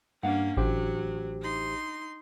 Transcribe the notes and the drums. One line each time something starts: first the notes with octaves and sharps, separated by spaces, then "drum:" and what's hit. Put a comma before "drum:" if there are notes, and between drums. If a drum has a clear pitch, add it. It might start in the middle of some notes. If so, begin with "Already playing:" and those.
G2 A#3 C#4 D4 F5 F#5
A1 F#3 G4 C5, drum: kick G#1
D#4 C6